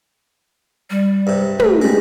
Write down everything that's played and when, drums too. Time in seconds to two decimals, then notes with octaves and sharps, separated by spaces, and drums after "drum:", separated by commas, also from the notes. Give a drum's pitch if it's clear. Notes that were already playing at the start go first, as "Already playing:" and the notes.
0.90 G3
1.27 G2 C3
1.59 A3, drum: tom
1.82 G3 G#3